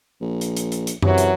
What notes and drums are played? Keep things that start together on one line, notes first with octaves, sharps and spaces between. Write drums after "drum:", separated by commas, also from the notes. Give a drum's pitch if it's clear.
A#1
drum: hi-hat
drum: hi-hat
drum: hi-hat
drum: hi-hat
F#2 C3 E3 F#3, drum: tom F#2
drum: hi-hat